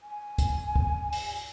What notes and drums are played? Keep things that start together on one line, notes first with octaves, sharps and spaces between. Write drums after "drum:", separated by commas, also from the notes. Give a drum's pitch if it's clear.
G#5
drum: kick, hi-hat
drum: kick
drum: open hi-hat